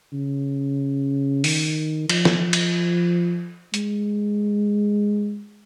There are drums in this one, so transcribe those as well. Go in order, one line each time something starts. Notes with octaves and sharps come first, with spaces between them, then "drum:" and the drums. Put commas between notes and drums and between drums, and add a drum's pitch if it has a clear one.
C#3
D#3, drum: open hi-hat
F3, drum: cymbal
drum: snare
drum: cymbal
G#3, drum: hi-hat